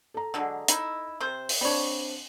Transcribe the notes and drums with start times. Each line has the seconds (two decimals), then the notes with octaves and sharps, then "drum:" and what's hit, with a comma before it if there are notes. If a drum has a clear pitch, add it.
0.14 A4 A#5
0.34 D3 F#3 G#3
0.68 D#4 E4, drum: hi-hat
1.20 C3 C5
1.49 drum: open hi-hat
1.61 G3 C4 D4 C#5